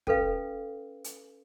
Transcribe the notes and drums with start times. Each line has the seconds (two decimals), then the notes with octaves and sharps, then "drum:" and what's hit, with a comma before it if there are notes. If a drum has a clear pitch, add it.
0.07 C#4 A4 B4 F5, drum: kick
1.04 drum: hi-hat